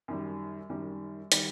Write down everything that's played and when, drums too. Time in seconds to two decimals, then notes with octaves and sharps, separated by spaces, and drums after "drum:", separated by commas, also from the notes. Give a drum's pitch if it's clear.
0.08 F#2 D#3 G3
0.70 F#2 D#3 G3
1.32 D#3 G3, drum: hi-hat